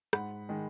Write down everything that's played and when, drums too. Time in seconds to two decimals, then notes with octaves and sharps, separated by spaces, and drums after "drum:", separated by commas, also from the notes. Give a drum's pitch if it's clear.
0.13 G#2 F#5 B5, drum: rim click
0.49 D#3 G#3